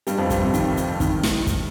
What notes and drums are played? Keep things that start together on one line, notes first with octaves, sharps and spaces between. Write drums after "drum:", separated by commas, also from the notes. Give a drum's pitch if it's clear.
G2 G3, drum: hi-hat
F2 F3
G2 G3, drum: kick, hi-hat
C3
D#3, drum: hi-hat
drum: hi-hat
D#3, drum: kick, hi-hat
drum: snare
drum: kick, hi-hat